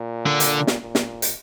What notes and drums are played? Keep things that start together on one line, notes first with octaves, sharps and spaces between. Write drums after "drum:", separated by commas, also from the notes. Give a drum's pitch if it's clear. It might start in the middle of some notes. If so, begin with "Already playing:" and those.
Already playing: A#2
D3
drum: hi-hat
drum: snare
A#2
drum: snare
drum: hi-hat